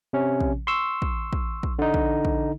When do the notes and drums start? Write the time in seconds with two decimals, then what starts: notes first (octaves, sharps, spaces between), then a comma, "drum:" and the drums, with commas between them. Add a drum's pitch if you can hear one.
0.13 C3 C#4
0.41 drum: kick
0.67 C6 C#6 E6
1.02 drum: kick
1.33 drum: kick
1.63 drum: kick
1.79 D3 D#4
1.94 drum: kick
2.25 drum: kick